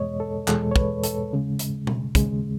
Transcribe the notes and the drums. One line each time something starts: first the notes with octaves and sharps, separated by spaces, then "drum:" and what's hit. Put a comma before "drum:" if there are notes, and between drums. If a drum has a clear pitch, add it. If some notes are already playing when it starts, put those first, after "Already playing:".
Already playing: E2 B2 G#3 C#5 D#5
A4
E2 B2 G#3 A4, drum: clap
C#5
B4, drum: kick
A4, drum: hi-hat
D#2 C#3 G#3
drum: hi-hat
drum: tom B2
D#2 C#3 G#3, drum: kick, hi-hat